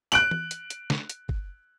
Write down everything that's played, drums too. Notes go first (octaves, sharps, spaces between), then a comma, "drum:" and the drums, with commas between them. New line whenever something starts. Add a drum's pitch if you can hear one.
F#6 D7 F#7, drum: hi-hat
drum: tom E3
drum: hi-hat
drum: hi-hat
drum: snare
drum: hi-hat
drum: kick